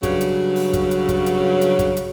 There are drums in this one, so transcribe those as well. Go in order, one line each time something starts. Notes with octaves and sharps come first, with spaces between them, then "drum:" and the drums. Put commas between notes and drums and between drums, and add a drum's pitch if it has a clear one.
G2 C#3 F#3, drum: kick, hi-hat
drum: hi-hat
drum: open hi-hat
drum: kick, hi-hat
drum: hi-hat
drum: kick, hi-hat
drum: hi-hat
drum: hi-hat
drum: kick, hi-hat
drum: hi-hat